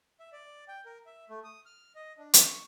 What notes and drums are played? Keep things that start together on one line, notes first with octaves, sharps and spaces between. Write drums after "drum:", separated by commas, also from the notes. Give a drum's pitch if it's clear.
E5
D5
G5
A#4
E5
A3
D#6
F6
D#5
D4
C#6, drum: hi-hat